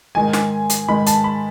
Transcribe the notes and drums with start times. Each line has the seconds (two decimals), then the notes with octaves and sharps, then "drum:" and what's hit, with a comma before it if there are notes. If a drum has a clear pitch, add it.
0.15 G#2 D#3 G#3 G#5
0.33 drum: snare
0.70 drum: hi-hat
0.88 G#2 D#3 G#3 B5
1.07 A5, drum: hi-hat
1.24 B5